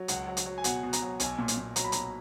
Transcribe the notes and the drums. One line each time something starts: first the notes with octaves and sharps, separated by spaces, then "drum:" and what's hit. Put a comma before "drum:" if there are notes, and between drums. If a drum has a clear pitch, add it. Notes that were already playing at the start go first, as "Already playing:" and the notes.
Already playing: F#3
C#2 F#5, drum: hi-hat
F#3
drum: hi-hat
F#3
G#5
B2 F#5, drum: hi-hat
B2
A#5, drum: hi-hat
F#3
B1 G#5, drum: hi-hat
A#2
drum: hi-hat
A#2
F#3 A#5, drum: hi-hat
B5
B1 A#5, drum: hi-hat